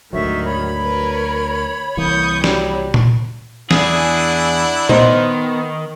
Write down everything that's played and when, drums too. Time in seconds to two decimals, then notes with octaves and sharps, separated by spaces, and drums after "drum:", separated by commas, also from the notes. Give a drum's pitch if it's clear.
0.13 D2 G#2 D#3 F#3 E5 C#6
0.44 C#5 B5
0.79 A#4 B4
1.97 C2 E3 A#3 C#6 D#6 G6
2.44 F#3 G3, drum: snare
2.94 drum: tom A#2
3.71 E2 D4 E4 G#4 F#5, drum: snare
4.89 D#3 B3 D#4 C5, drum: tom A#2